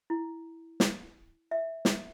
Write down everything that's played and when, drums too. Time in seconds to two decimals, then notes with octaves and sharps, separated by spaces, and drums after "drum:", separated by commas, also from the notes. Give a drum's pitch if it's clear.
0.10 E4
0.80 drum: snare
1.51 E5
1.85 drum: snare